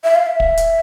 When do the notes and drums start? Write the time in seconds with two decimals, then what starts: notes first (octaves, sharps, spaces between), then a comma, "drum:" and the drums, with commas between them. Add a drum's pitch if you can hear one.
0.04 E5
0.15 F5
0.26 E5
0.40 drum: kick
0.57 drum: hi-hat